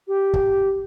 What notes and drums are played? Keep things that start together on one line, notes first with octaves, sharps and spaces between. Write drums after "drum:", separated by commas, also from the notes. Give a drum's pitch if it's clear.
G4
drum: kick